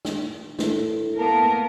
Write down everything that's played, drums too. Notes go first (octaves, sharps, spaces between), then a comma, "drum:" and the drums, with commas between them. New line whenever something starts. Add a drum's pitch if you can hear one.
drum: snare
A2, drum: snare
A#3 B3 A#4 A5